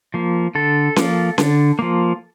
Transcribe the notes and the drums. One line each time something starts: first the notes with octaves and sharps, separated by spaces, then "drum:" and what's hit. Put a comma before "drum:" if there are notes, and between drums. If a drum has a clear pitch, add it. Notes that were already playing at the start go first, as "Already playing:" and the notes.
F3 A#3
D3 A4
F3 A#3, drum: snare C#4
D3, drum: snare C#4
F3 A#3